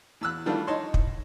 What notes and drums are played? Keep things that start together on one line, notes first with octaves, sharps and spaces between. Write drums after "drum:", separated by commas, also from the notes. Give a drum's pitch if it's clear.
E2 E6 F#6
D#3 E3 G3 A3 D4 F4
D#4 C#5 A5 C6
drum: kick